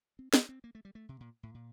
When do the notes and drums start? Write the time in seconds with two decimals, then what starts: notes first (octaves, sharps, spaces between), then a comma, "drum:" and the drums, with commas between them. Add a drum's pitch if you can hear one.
0.19 C4
0.34 D4, drum: snare
0.49 C4
0.64 A#3
0.75 A3
0.85 G3
0.95 A3
1.09 C3
1.20 A#2
1.43 A2
1.54 A#2